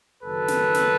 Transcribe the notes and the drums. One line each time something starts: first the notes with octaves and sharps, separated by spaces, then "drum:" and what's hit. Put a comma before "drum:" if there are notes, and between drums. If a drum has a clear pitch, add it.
F#1 F#2 D#3 F#3 A4 B4
drum: snare
drum: snare